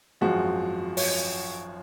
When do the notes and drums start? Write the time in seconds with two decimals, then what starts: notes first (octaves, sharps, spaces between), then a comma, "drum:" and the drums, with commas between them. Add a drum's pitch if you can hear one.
0.21 G#1 F#2 F3 G#3 F#4
0.97 C#5, drum: open hi-hat